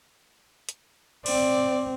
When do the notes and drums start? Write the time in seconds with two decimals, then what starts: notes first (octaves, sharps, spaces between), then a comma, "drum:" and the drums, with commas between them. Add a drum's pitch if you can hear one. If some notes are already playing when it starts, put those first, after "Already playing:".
0.69 drum: hi-hat
1.26 C4 D5, drum: cymbal